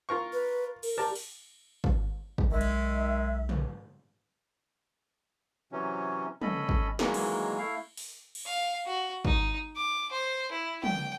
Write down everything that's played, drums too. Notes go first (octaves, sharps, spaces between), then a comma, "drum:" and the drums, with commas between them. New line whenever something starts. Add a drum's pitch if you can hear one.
F4 A#4 C#6
B4
A#4, drum: cymbal
G4 A#4 D5 A5
drum: open hi-hat
drum: kick
drum: kick
B1 D#3 G#3 E5
drum: cymbal
drum: tom
C3 E3 F#3 C#4
C#4 A4 D#5 B5, drum: tom
drum: kick
D#3 E3 F#3 G#3 A#3, drum: snare
drum: cymbal
A3 E4 F5
drum: open hi-hat
drum: cymbal
F5
F#4
D#4, drum: kick
D6
C5
E4
G5, drum: tom